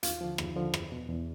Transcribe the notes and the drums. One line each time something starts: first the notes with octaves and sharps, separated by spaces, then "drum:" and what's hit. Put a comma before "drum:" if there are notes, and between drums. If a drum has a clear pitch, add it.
D#2 F4 F5, drum: hi-hat
D3 F3
D#2, drum: rim click
D3 F3
E2, drum: rim click
B2
E2